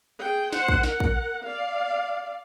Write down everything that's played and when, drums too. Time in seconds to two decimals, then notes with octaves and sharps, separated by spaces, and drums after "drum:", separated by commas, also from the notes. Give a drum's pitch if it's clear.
0.19 G#4 G5
0.53 C5 F#5, drum: snare
0.68 drum: kick
0.83 A#4 F#5, drum: snare
1.00 drum: kick
1.43 D5 F5